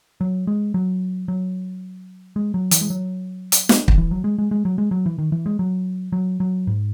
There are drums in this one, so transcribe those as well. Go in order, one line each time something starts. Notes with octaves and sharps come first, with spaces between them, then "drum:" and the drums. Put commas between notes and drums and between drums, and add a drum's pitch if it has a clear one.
F#3
G#3
F#3
F#3
G#3
F#3
E3, drum: hi-hat
G#3
F#3
drum: hi-hat
drum: snare
D#3, drum: kick
E3
F#3
G#3
G#3
G#3
F#3
G#3
F#3
E3
D#3
E3
G#3
F#3
F#3
F#3
G#2